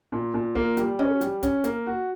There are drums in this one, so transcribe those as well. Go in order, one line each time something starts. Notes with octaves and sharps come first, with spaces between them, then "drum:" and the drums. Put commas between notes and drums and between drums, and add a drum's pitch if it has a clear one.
A#2
A#2
A#3, drum: kick
G3, drum: hi-hat
C#4, drum: tom
G3, drum: hi-hat
C#4, drum: kick, hi-hat
A#3, drum: hi-hat
F#4